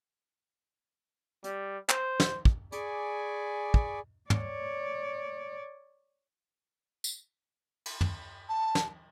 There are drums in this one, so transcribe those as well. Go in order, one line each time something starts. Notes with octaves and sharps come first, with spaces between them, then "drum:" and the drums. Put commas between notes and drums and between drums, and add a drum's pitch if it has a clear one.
G3, drum: hi-hat
C5, drum: clap
drum: snare
drum: kick
G#4 D5 G#5 B5 C#6 D6, drum: hi-hat
drum: kick
C#5 D5, drum: tom
drum: tambourine
drum: cymbal
drum: tom
A5
drum: snare